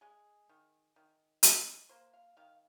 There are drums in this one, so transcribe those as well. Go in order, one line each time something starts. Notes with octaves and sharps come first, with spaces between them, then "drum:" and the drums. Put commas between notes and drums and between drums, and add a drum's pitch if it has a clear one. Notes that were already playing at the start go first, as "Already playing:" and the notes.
G#3 G#4
D#3
D#3
G#3, drum: hi-hat
A#3 C5
F5
D#3 F5